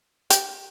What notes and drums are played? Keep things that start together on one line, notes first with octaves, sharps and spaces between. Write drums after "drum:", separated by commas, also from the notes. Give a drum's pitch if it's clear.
G4, drum: hi-hat